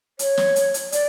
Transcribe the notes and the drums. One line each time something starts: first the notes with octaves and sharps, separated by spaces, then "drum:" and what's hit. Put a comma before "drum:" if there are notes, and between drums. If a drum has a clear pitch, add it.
C#5, drum: hi-hat
drum: snare
drum: hi-hat
drum: hi-hat
D5, drum: hi-hat